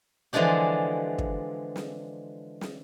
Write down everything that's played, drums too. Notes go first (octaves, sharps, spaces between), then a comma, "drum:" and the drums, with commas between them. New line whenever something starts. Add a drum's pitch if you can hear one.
D3 E3 F3 G#3 D4 G4
drum: kick
drum: snare
drum: snare